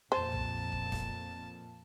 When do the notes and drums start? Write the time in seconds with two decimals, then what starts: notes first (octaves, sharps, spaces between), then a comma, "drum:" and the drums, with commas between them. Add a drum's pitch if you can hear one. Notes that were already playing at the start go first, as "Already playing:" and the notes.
0.12 F2 A#2 C5 A5
0.32 drum: tom
0.72 drum: kick
0.92 drum: snare